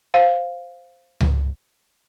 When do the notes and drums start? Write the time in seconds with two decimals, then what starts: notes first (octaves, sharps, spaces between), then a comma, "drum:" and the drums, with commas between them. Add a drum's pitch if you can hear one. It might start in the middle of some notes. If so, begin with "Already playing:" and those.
0.14 C5 F5
1.21 drum: tom C#2